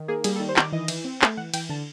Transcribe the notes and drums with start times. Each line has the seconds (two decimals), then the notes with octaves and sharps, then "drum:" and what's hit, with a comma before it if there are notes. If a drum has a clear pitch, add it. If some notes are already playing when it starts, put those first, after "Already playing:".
Already playing: D#3
0.08 A#3 G#4
0.24 G3 G#4, drum: cymbal
0.36 A4
0.40 D#3
0.49 C5
0.56 D#3 D5, drum: clap
0.72 E3 D#5
0.88 E3, drum: cymbal
1.04 C4
1.22 A3 E5, drum: clap
1.37 E3 F#5
1.54 E3 G5, drum: cymbal
1.69 D3 A5